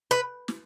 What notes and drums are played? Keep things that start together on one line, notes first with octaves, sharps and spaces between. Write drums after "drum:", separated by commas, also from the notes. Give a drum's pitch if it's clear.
B4
drum: snare